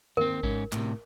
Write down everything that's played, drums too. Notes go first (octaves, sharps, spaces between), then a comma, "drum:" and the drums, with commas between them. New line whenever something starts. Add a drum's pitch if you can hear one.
D#2 C4 A#4, drum: tom G2
G#2 C#4, drum: kick G#1
A2 C3, drum: clap